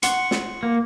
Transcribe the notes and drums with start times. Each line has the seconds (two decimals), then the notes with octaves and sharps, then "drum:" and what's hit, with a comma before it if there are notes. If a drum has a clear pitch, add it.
0.03 F#5 C6 C#6, drum: hi-hat
0.31 drum: snare
0.63 A#3